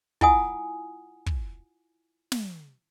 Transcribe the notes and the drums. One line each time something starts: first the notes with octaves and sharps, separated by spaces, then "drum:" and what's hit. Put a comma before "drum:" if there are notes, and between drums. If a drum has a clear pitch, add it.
E4 F4 F#5 G#5 D#6, drum: kick
drum: kick
drum: snare